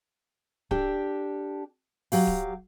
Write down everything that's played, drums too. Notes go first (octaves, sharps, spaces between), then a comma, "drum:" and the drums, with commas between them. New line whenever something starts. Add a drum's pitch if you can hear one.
D4 G4 A4, drum: kick D1
F#3 G4 F5, drum: open hi-hat
drum: kick D1